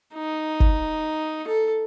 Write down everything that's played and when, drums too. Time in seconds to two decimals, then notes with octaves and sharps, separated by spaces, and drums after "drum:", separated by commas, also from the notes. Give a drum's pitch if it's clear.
0.14 D#4
0.60 drum: kick G1
1.47 A4